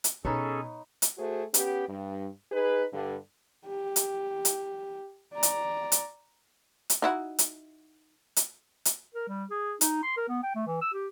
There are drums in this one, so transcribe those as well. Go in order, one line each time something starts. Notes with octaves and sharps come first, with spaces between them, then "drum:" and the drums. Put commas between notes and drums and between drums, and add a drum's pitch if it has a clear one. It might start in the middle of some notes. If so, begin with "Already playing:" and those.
drum: hi-hat
B2 C#4 D#4 G#4 A4 B4 C#5
drum: hi-hat
A3 F#4 G#4 C5
B3 C#4 G4, drum: hi-hat
G2
D#4 G#4 B4
G2 D3
G4
drum: hi-hat
drum: hi-hat
D5 A#5
drum: hi-hat
drum: hi-hat
drum: hi-hat
D#4 E4 F#4
drum: hi-hat
drum: hi-hat
drum: hi-hat
A#4
G3
G#4
D#4, drum: hi-hat
C6
A#4
B3
G5
A3
E3
E6
G4